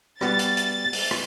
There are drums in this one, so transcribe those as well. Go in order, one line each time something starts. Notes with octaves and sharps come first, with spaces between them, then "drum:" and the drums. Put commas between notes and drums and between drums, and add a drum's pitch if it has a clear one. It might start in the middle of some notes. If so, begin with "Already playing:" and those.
G3 B3 F#4 A6, drum: rim click
drum: hi-hat
drum: hi-hat
drum: open hi-hat
drum: rim click